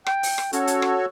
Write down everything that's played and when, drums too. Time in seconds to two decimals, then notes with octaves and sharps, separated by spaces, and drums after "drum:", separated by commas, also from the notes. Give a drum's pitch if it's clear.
0.06 G5, drum: rim click
0.23 drum: open hi-hat
0.38 drum: rim click
0.53 C#4 F#4 A4 C#5, drum: hi-hat
0.67 drum: hi-hat
0.82 drum: rim click